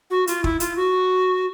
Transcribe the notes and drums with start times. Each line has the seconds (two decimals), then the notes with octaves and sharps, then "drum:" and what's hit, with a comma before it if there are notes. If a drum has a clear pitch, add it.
0.10 F#4
0.27 F4, drum: hi-hat
0.44 E4, drum: kick
0.60 F4, drum: hi-hat
0.76 F#4